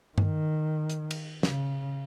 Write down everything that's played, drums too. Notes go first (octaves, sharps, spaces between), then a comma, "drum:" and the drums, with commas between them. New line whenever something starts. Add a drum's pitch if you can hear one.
D#3, drum: tom G2
drum: hi-hat
drum: cymbal
C#3, drum: snare